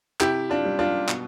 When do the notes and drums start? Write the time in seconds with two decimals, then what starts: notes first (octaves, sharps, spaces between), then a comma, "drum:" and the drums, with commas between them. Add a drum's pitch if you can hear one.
0.20 C3 E4 G4, drum: clap
0.49 D4 F4
0.65 G3
0.79 D4 F4
1.08 B2, drum: clap